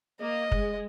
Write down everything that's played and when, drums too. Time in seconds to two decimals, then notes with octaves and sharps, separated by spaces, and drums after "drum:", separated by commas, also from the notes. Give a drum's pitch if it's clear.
0.21 A#3 D#5
0.52 G#3, drum: kick